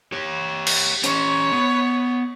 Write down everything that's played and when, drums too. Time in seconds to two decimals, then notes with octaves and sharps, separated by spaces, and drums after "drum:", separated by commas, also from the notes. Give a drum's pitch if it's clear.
0.12 G4 C#5
0.67 drum: cymbal
1.04 C#4 G4 C#5, drum: hi-hat
1.52 B3